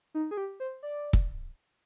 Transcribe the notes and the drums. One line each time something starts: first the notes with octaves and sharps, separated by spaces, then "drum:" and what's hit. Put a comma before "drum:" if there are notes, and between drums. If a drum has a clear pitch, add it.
D#4
G#4
G4
C5
D5
drum: kick